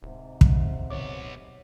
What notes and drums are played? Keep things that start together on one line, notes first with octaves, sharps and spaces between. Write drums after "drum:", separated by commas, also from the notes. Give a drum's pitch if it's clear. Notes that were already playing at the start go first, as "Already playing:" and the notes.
D1 G#2 C3
drum: kick
B1 B3 C#5 D6